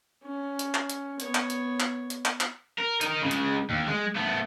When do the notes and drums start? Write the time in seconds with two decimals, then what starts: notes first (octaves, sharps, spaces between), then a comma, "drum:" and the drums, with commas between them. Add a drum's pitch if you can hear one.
0.24 C#4
0.59 drum: hi-hat
0.74 drum: clap
0.89 drum: hi-hat
1.20 B3 C#5, drum: hi-hat
1.35 drum: clap
1.50 drum: hi-hat
1.80 drum: clap
2.10 drum: hi-hat
2.25 drum: clap
2.40 drum: clap
2.79 A#4
3.01 D#4 A#4, drum: hi-hat
3.22 C#3 G#3
3.31 drum: hi-hat
3.70 D#2
3.87 G#3
4.16 A3 B3